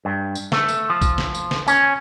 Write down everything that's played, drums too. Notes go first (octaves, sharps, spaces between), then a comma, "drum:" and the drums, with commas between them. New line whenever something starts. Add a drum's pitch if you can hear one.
G2
drum: tambourine
A3, drum: snare
drum: tambourine
F3
drum: kick, tambourine
drum: snare
drum: tambourine
drum: snare
C#4, drum: tambourine